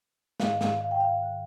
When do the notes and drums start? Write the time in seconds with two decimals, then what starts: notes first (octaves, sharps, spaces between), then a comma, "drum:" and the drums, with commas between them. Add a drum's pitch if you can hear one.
0.40 G#2 D#3 F5, drum: snare
0.61 F5, drum: snare
0.81 F5
0.91 G5
1.00 F5
1.22 D#3